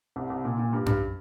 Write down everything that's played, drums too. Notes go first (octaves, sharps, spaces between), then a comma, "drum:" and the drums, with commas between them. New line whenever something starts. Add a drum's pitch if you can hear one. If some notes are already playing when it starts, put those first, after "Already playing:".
C2
C2
A#2
A#2
G2
G2, drum: tom F#2